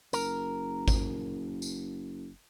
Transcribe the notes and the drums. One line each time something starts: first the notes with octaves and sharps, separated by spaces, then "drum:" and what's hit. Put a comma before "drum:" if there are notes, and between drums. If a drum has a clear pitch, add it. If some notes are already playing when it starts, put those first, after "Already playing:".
F#1 A#4, drum: tambourine
drum: kick G#1, tambourine
drum: tambourine